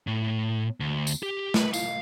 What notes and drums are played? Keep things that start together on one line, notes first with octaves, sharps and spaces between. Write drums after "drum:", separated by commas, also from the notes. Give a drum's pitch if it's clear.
A2
D2
drum: tambourine
G4
B4, drum: snare
F5, drum: tambourine